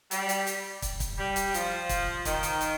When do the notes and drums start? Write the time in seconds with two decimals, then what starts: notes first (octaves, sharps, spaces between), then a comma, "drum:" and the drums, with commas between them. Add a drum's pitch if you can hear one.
0.11 G3, drum: hi-hat
0.29 drum: hi-hat
0.47 drum: hi-hat
0.82 drum: kick, hi-hat
1.00 drum: kick, hi-hat
1.18 G3
1.36 drum: hi-hat
1.54 F3, drum: hi-hat
1.89 drum: kick, hi-hat
2.25 D#3, drum: kick, hi-hat
2.43 drum: hi-hat
2.61 drum: hi-hat